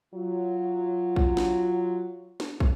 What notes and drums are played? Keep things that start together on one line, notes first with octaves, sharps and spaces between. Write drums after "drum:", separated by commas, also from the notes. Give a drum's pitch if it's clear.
F#3 F4
drum: kick
drum: snare
drum: snare
drum: kick